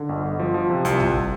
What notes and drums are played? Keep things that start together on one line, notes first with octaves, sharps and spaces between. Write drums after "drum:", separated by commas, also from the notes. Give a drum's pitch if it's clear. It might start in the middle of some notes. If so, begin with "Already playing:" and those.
Already playing: D3
G1
G1
F3
F3
C3
C2, drum: hi-hat
C2, drum: tom G#1